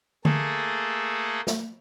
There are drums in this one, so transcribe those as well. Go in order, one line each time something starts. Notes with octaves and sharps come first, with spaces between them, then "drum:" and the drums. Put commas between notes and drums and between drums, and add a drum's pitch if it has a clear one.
A3 A#3 G#4 A4, drum: tom D3
drum: snare